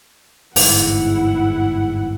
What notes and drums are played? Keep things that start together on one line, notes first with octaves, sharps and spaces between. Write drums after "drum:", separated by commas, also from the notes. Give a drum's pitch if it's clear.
G1 E2 G#2 E4 F#5, drum: open hi-hat